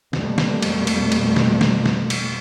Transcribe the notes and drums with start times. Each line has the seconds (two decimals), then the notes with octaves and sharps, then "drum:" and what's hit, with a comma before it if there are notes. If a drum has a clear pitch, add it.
0.13 F2 B2 G3 A3 A#3, drum: snare
0.38 drum: snare
0.62 drum: cymbal
0.87 drum: cymbal
1.12 drum: cymbal
1.36 drum: snare
1.61 drum: snare
1.86 drum: snare
2.10 drum: cymbal